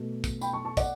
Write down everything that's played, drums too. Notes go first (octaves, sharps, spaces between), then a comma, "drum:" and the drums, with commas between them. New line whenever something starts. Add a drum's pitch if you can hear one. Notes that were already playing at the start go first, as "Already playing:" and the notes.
Already playing: B2 A3
drum: kick, tambourine
G5 B5, drum: tambourine
A5 C#6
A5 C#6
D5 F#5, drum: kick, tambourine